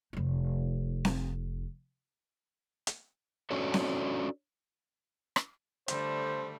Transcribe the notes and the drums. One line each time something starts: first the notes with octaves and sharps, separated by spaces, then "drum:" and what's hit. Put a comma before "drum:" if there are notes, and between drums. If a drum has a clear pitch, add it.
F1 D#4
drum: snare C4
drum: hi-hat
C#4 D4 F#4 A4 C#5
drum: snare C4
drum: rim click
D3 G3 A3 C5, drum: hi-hat